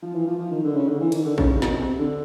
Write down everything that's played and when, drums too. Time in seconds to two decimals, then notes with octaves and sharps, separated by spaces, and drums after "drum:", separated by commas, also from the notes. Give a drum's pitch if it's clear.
0.02 F3
0.14 E3
0.27 F3
0.38 F3
0.51 D#3
0.64 D3
0.76 C#3
0.88 D3
1.01 E3
1.12 D#3, drum: cymbal
1.25 D3
1.38 C#3, drum: kick
1.50 C3
1.62 B2, drum: snare
1.74 C3
1.98 D3